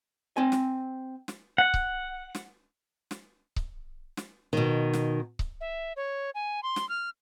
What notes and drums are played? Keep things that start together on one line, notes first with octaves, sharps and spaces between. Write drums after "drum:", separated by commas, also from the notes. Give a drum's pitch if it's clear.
C4 G#5
drum: snare
drum: snare
F#5
drum: kick C#1
drum: snare
drum: snare
drum: kick C#1
drum: snare
B2 D#3
drum: snare
drum: kick C#1
E5
C#5
G#5
C6
drum: snare
F6